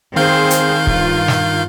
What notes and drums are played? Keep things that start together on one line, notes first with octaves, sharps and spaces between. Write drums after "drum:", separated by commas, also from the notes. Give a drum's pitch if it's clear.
D#3 C4 G#4 C5 F5 G6
drum: hi-hat
G2 F4, drum: kick
drum: snare